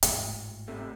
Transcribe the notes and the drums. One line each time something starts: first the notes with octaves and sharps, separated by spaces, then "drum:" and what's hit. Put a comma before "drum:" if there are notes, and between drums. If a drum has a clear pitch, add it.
G#1 A2, drum: hi-hat
C3 A3